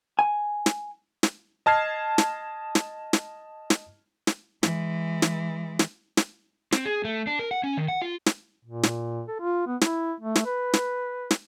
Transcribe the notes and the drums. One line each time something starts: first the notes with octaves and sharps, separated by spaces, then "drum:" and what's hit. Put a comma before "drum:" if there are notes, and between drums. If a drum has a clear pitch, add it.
G#5
drum: snare
drum: snare
D#5 A5 F6 G#6 C7
drum: snare
drum: snare
drum: snare
drum: snare
drum: snare
E3 G#3, drum: snare
drum: snare
drum: snare
drum: snare
C4, drum: snare
G#4
A3
D4
A#4
F#5
C#4
D#3
F#5
F4
drum: snare
A#2
drum: snare
A4
F4
B3
E4, drum: snare
A3
drum: snare
B4
drum: snare
drum: snare